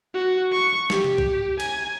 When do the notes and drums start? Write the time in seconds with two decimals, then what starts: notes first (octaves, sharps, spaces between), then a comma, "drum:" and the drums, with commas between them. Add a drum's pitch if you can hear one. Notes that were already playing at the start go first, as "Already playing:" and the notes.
0.15 F#4
0.52 C#6
0.90 G4, drum: snare
1.04 drum: tom C3
1.18 drum: kick
1.60 G#5, drum: cymbal